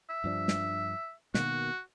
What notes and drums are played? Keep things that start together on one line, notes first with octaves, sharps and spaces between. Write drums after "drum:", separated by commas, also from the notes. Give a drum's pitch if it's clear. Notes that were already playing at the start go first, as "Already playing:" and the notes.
E5
G2 F3 D4
drum: snare
B2 D#3 A#3 F#4, drum: snare